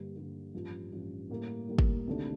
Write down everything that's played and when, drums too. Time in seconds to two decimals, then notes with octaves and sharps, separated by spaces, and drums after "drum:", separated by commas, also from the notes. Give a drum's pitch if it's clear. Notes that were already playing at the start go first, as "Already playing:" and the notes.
Already playing: G2 D3 G3 A#3
0.15 G2 D3 G3 A#3
0.54 A1 G2 F3
0.92 A1 G2 F3
1.30 A2 G3 A#3
1.68 A2 G3 A#3
1.79 drum: kick
2.07 D2 C3 D#3 A3 D4